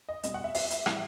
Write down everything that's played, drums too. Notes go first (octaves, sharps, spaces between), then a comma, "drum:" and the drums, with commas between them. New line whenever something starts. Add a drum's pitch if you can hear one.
D#5
B2 G3 D#5, drum: hi-hat
F#5
E5
E5, drum: open hi-hat
drum: hi-hat
A2 E3 G3, drum: rim click